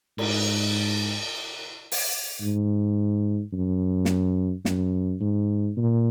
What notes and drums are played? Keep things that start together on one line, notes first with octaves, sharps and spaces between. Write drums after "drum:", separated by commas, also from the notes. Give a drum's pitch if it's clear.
G#2, drum: cymbal
drum: open hi-hat
G#2
F#2
drum: snare
F#2, drum: snare
G#2
A#2